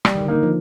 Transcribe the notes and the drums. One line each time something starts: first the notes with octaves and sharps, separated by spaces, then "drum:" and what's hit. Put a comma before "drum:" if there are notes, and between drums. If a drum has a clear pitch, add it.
G3, drum: rim click
D#3
D3
A#3 D#4
D#3
F3